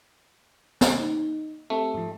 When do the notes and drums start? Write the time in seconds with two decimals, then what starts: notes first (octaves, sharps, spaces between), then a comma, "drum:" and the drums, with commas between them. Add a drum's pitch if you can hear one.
0.81 drum: snare
1.00 D#4
1.70 A3 C4 G4
1.94 G#2 F3